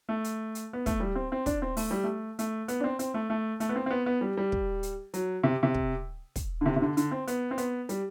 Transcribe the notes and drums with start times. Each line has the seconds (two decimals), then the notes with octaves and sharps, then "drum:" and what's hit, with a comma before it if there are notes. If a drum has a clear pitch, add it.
0.09 A3
0.24 drum: hi-hat
0.55 drum: hi-hat
0.73 B3
0.86 A3, drum: kick, hi-hat
1.00 G3
1.15 C4
1.32 C4
1.46 D4, drum: kick, hi-hat
1.62 C4
1.77 A3, drum: open hi-hat
1.91 G3
2.04 A3
2.39 A3, drum: hi-hat
2.68 B3, drum: hi-hat
2.80 D4
2.84 C4
2.99 C4, drum: hi-hat
3.14 A3
3.30 A3
3.60 A3, drum: hi-hat
3.69 B3
3.76 C4
3.86 C4
3.91 B3
4.06 B3
4.21 G3
4.37 G3
4.52 drum: kick
4.83 drum: hi-hat
5.14 F#3, drum: hi-hat
5.44 C3
5.63 C3
5.74 drum: kick
6.36 drum: kick, hi-hat
6.61 D3
6.66 C3
6.76 C3
6.82 D3
6.97 D3, drum: hi-hat
7.11 C4
7.27 B3, drum: hi-hat
7.51 C4
7.58 B3, drum: hi-hat
7.89 G3, drum: hi-hat